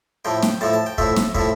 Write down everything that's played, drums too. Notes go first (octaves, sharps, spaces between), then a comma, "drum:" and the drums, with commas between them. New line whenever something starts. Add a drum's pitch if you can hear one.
A2 F3 A3 G5
G5, drum: snare
A2 F3 A3 A5
A5
G5
A2 F3 A3 E5, drum: kick
drum: snare
A2 F3 A3 E5, drum: kick